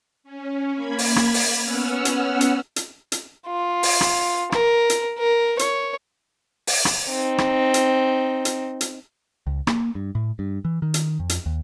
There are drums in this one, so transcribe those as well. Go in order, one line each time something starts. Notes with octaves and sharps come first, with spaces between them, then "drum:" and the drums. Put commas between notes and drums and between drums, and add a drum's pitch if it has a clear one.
C#4
A#3 B5 G#6
drum: open hi-hat
drum: rim click
drum: open hi-hat
B3 C#4 F#5 E6 F6
drum: hi-hat
drum: hi-hat
drum: hi-hat
drum: hi-hat
F4
drum: open hi-hat
drum: rim click
A#4, drum: rim click
drum: hi-hat
A#4
C#5, drum: hi-hat
drum: open hi-hat
drum: rim click
C4 D#4
drum: rim click
drum: hi-hat
drum: hi-hat
drum: hi-hat
C#2
A#3, drum: rim click
G2
A2
G2
E3
D#3
drum: hi-hat
F2
drum: hi-hat
D#2